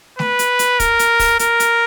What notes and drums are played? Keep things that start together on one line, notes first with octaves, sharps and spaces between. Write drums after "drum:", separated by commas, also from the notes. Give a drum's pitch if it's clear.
B4, drum: snare A3
drum: hi-hat
drum: hi-hat
A#4, drum: kick, hi-hat
drum: hi-hat
drum: kick, open hi-hat
A#4, drum: hi-hat
drum: hi-hat